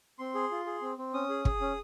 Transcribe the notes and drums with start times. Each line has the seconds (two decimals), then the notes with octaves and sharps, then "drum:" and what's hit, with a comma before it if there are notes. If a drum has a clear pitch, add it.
0.19 C4 C6
0.35 G#4
0.51 F4
0.66 G#4
0.82 C4
0.98 C4
1.14 C#4 D#6
1.30 G#4
1.45 G#4, drum: kick
1.61 C#4